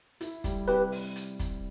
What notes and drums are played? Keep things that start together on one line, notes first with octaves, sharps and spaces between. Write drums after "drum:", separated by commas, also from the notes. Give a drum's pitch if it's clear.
E4, drum: hi-hat
G3, drum: kick, hi-hat
C3 G4 B4
drum: open hi-hat
drum: hi-hat
drum: kick, hi-hat